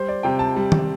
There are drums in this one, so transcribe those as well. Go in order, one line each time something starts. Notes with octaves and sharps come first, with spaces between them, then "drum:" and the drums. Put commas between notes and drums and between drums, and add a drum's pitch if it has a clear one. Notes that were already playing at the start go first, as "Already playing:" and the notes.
Already playing: G3 C5
D5
C3 G5
A5
G3
drum: tom